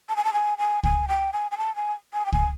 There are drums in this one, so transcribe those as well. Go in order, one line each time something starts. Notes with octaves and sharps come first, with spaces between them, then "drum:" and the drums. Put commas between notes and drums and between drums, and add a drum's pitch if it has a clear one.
A5
G#5
A5
G#5
G#5
G#5, drum: kick
G5
G#5
G#5
A5
G#5
G#5
G5
G#5, drum: kick